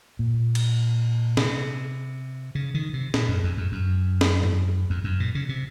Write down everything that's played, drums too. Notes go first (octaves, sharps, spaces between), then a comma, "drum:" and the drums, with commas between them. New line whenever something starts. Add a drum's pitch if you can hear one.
A#2
drum: cymbal
C3, drum: snare
C#3
D#3
C3
A#2, drum: snare
F#2
F2
F#2
F#2
drum: snare
drum: tom G2
F2
F#2
A#2
C#3
C3